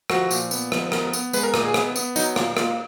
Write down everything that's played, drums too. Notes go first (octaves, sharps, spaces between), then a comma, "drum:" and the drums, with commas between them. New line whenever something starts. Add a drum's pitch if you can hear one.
F3 F#4, drum: rim click
A#2, drum: tambourine
B3, drum: tambourine
F3, drum: rim click
B3 A#4, drum: rim click
B3, drum: tambourine
G#3 B4, drum: tambourine
A#4
A#2 A#4, drum: rim click
G#4
B3, drum: rim click
B3, drum: tambourine
F#3 D#4, drum: tambourine
A#2 F4, drum: rim click
A#3 F4, drum: rim click